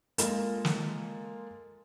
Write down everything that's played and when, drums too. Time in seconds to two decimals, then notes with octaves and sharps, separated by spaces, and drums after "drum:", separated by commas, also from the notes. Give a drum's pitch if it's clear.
0.18 G#3 A#3 F4 A4 A#4, drum: hi-hat
0.65 drum: snare